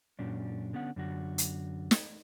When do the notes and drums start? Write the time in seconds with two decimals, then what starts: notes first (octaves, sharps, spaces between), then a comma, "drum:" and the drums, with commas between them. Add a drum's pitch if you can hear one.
0.19 F#2 A#2 C#4 D4
0.73 D3 B3 C#4 F#5
0.96 F#2 D3 F#4
1.38 drum: hi-hat
1.91 drum: snare